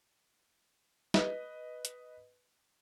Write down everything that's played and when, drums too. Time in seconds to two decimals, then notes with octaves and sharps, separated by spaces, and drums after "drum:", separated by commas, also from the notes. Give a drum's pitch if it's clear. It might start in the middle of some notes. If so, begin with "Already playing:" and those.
1.14 B4 D#5, drum: snare
1.85 drum: hi-hat